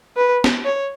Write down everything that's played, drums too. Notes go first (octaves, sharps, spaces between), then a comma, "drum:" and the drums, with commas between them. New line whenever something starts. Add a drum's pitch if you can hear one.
B4
drum: snare
C#5